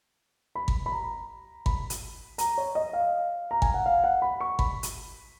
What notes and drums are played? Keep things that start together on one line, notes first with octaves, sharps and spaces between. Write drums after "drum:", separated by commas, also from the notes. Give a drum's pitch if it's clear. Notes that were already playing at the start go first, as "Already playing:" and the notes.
B5
drum: kick G#1
B5
A#5
B5, drum: kick G#1
drum: hi-hat
A#5, drum: hi-hat
C#5
D#5
F5
A#5
G#5, drum: kick G#1
F#5
F5
F#5
B5
C#6
B5, drum: kick G#1
drum: hi-hat